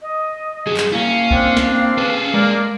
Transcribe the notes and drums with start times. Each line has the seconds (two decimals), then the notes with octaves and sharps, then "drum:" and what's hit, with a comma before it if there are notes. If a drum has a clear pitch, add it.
0.01 D#5
0.67 G2 F#3 G#4
0.77 drum: clap
0.92 A#3 C#4 E4 F5
1.31 C4 D4, drum: kick B1
1.57 drum: snare
1.98 C#4 G#4 A4 B4
2.34 G#3 A#3 A#4 D5